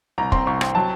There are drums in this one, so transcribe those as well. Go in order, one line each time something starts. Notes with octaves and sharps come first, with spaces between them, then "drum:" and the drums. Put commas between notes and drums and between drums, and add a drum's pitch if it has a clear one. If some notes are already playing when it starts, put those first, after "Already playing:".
C2 A#5
C4 C6, drum: kick
C2 C#6
C4 C6, drum: rim click
F#3 A5